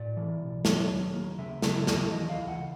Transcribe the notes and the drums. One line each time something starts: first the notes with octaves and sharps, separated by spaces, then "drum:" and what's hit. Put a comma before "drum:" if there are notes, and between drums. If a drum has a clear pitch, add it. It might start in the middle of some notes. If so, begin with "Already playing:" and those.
Already playing: A2 D5
E3
B1
F#3 C#5, drum: snare
D#2
A#3
C#3 E5
F#3, drum: snare
D#2, drum: snare
E3 D#5
F5
C#2
F#5